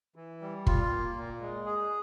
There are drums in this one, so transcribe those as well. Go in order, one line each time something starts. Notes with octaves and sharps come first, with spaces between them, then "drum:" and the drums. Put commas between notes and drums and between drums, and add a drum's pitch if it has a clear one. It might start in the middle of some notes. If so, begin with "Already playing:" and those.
E3
G3
F4, drum: kick
A#3
A#2
G#3
G#4